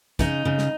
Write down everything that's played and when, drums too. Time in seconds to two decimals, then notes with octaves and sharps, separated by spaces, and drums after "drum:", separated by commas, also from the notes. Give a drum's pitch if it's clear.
0.19 C#3 D#4, drum: kick, hi-hat
0.45 C#3
0.58 drum: snare